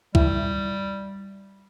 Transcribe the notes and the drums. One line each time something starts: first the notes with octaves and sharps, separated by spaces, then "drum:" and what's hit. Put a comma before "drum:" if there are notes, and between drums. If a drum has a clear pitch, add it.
G3 E4, drum: kick